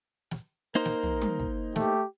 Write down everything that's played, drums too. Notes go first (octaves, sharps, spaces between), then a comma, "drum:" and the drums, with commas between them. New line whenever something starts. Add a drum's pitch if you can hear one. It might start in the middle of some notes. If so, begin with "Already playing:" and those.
drum: snare
A#3 D#4 A#4 C5
drum: snare
drum: tom
drum: tom
drum: kick
A3 G4, drum: snare